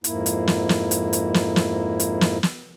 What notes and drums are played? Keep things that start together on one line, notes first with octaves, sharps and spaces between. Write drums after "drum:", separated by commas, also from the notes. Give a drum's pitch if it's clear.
F2 G#2 A#3 E4, drum: hi-hat
drum: hi-hat
drum: snare
drum: snare
drum: hi-hat
drum: hi-hat
drum: snare
drum: snare
drum: hi-hat
drum: snare
drum: snare